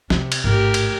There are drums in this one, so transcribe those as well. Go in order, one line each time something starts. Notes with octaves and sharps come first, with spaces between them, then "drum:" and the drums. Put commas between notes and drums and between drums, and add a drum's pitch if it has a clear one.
C3 C4 D4, drum: snare
drum: cymbal
A1 G#2 G4 A#4
drum: cymbal